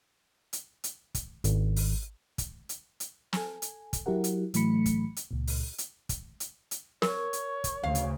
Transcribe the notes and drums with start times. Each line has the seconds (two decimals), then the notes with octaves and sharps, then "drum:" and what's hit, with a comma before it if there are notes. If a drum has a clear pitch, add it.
0.53 drum: hi-hat
0.84 drum: hi-hat
1.15 drum: kick, hi-hat
1.44 G#1, drum: hi-hat
1.76 drum: open hi-hat
2.38 drum: kick, hi-hat
2.69 drum: hi-hat
3.00 drum: hi-hat
3.33 A4 G#5, drum: snare
3.62 drum: hi-hat
3.93 drum: kick, hi-hat
4.06 F#3 E4 G4 A#4 F#5
4.24 drum: hi-hat
4.54 A2 E3 F#3 A3 B5 C#7, drum: hi-hat
4.86 drum: kick, hi-hat
5.16 drum: hi-hat
5.31 C#2 A#2
5.47 drum: open hi-hat
5.78 drum: hi-hat
6.09 drum: kick, hi-hat
6.40 drum: hi-hat
6.71 drum: hi-hat
7.02 A#4 C#5, drum: snare
7.33 drum: hi-hat
7.64 drum: kick, hi-hat
7.83 D2 C#3 F5
7.95 drum: hi-hat